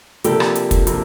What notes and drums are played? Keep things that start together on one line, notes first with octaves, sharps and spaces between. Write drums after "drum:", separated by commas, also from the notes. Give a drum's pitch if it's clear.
C3 F3 A#3 D4 G4 A4, drum: hi-hat
drum: rim click
drum: hi-hat
drum: kick, hi-hat
C3 F3 A#3 D4, drum: hi-hat